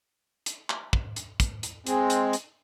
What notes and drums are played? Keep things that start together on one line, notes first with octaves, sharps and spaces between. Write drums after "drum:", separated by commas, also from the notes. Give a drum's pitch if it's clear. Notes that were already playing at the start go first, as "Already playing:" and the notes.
drum: hi-hat
drum: clap
drum: kick
drum: hi-hat
drum: kick, hi-hat
drum: hi-hat
G#3 C4, drum: hi-hat
drum: hi-hat
drum: hi-hat